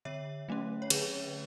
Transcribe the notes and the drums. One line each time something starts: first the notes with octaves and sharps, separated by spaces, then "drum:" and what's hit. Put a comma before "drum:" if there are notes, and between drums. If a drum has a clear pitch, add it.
D3 C#5 E5
F#3 A3 C#4
C#5
D3 G#4 B4, drum: cymbal